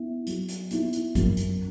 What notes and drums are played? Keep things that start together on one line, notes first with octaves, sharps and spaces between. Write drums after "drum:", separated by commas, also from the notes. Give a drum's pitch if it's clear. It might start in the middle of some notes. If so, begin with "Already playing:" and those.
Already playing: B3 E4
F#3, drum: hi-hat
drum: hi-hat
B3 E4, drum: hi-hat
drum: hi-hat
F#2, drum: kick, hi-hat
drum: hi-hat